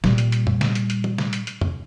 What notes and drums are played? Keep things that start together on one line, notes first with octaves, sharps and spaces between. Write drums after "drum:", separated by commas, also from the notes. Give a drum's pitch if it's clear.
A#2 G3, drum: snare
drum: hi-hat
drum: hi-hat
drum: tom E2
drum: snare
drum: hi-hat
drum: hi-hat
drum: tom D#3
drum: snare
drum: hi-hat
drum: hi-hat
drum: tom E2